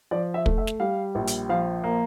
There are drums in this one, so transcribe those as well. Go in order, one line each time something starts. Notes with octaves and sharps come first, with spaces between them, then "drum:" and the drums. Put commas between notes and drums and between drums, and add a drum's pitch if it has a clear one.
F3 D5
E5
A3, drum: kick
E5
drum: snare
G3 F5
A#1
drum: hi-hat
F3 F5
A#3